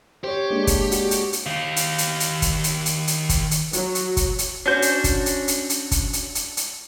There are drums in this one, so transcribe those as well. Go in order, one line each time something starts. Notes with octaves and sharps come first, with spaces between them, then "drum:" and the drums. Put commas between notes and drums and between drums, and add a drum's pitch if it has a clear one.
G4 C5 C#5
G#3 A#3 D4
drum: kick, hi-hat
F#4, drum: hi-hat
drum: hi-hat
drum: hi-hat
D#3 F5
drum: hi-hat
drum: hi-hat
drum: hi-hat
drum: kick, hi-hat
drum: hi-hat
drum: hi-hat
drum: hi-hat
drum: kick, hi-hat
drum: hi-hat
F#3, drum: hi-hat
drum: hi-hat
drum: kick, hi-hat
drum: hi-hat
C#4 D4 F#4 C5 G6
drum: hi-hat
drum: kick, hi-hat
drum: hi-hat
drum: hi-hat
drum: hi-hat
drum: kick, hi-hat
drum: hi-hat
drum: hi-hat
drum: hi-hat